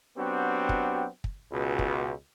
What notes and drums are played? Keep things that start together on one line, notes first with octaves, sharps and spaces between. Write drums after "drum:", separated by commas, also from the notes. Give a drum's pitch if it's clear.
F#3 B3 C4 D4 F#4 G4
drum: kick
drum: kick
C#2 B2
drum: kick